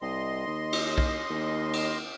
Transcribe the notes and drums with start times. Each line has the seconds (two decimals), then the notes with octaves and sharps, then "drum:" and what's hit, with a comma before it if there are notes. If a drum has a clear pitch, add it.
0.01 C2 D#5 C6
0.47 D#2
0.72 drum: cymbal
0.98 drum: kick B1
1.30 D#2
1.73 drum: cymbal